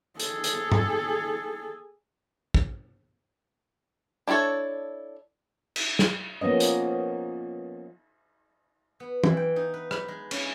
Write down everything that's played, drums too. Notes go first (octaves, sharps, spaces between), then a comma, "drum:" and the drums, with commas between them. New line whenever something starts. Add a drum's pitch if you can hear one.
G#4 A4, drum: hi-hat
drum: hi-hat
drum: tom G#2
drum: kick
D4 E4 G#4 A4 C#5
drum: cymbal
drum: snare
F3 A#3 B3 C#4 D#5
drum: hi-hat
B3
E3, drum: tom
G5
D#4
B4
B4, drum: rim click
G#3
C#4, drum: cymbal